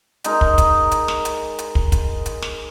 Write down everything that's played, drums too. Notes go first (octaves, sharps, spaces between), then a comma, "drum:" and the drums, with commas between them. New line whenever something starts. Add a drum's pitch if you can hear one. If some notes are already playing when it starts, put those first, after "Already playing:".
G#3 D#4 A#4, drum: hi-hat
drum: kick
drum: kick, hi-hat
drum: hi-hat
drum: snare
drum: hi-hat
drum: hi-hat
drum: kick
drum: kick, hi-hat
drum: hi-hat
drum: snare